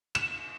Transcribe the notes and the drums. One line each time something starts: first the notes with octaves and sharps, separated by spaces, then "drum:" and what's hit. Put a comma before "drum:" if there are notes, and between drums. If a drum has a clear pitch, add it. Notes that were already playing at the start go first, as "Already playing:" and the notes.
E7, drum: cymbal